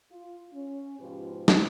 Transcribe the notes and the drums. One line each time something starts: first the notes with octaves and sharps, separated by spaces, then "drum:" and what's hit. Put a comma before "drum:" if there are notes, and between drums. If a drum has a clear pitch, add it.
F4
C#4
G#2 B2 F3 F4 G4 B4
drum: snare